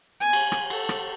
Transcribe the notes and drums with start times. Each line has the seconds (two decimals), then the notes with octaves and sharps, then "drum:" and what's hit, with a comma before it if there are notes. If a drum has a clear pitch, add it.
0.20 G#5
0.33 drum: cymbal
0.52 drum: rim click
0.70 A4, drum: cymbal
0.89 drum: rim click